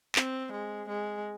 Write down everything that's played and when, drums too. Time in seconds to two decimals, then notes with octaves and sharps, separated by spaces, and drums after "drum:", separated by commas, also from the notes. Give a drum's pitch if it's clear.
0.16 C4, drum: clap
0.52 G#3
0.88 G#3